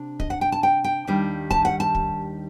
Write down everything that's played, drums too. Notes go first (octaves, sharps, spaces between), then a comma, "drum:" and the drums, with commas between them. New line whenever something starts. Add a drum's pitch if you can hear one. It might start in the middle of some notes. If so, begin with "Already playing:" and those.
Already playing: C3 D4
D#5, drum: kick
F#5
G5
A5
G5
G5
D#2 D#3 G3 D4
A5, drum: kick
F#5
A5
drum: kick